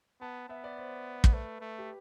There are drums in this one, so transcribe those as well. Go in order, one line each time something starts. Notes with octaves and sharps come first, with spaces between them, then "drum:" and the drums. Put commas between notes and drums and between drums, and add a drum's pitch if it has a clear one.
B3 A5
B3 E5
D5
C5
drum: kick
A3 B4
A3
G4